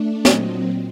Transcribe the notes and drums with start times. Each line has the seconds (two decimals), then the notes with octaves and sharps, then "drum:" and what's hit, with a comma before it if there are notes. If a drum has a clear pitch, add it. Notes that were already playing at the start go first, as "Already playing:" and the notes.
Already playing: A3 D4
0.25 A#2 F#3 C4 D#5, drum: snare